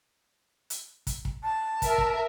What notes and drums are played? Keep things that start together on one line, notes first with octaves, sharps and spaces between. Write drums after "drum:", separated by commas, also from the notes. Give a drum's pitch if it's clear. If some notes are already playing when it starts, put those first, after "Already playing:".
drum: hi-hat
drum: kick, hi-hat
drum: kick
A5
A#4 E5, drum: kick, hi-hat
drum: kick